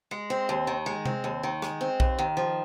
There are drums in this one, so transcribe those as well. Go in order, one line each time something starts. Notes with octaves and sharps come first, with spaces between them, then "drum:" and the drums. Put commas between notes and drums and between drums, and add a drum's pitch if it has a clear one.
G#3
C4
D#2
D#3
G#3
C4, drum: tom C3
D#2
D#3
G#3, drum: rim click
C4
D#2, drum: kick B1
D#3
F3